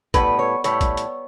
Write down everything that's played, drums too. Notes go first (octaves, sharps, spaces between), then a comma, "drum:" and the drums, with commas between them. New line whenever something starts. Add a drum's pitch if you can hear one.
A2 G3 B3 B4, drum: kick A#1, hi-hat
C#5
A2 G3 B3 C#5, drum: hi-hat
drum: kick A#1, hi-hat
drum: hi-hat